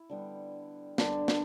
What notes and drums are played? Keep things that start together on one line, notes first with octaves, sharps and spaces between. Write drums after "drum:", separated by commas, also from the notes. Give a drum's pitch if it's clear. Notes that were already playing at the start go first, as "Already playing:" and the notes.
Already playing: E4
D3 G3 B3
D3 G3 B3 D4, drum: snare
D4, drum: snare